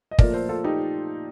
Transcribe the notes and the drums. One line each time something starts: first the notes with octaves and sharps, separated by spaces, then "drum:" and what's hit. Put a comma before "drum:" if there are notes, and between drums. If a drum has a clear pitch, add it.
D#5
A#2 F3 A3 A#4 D5, drum: kick
A4 C5
F4 A4
D#4 G4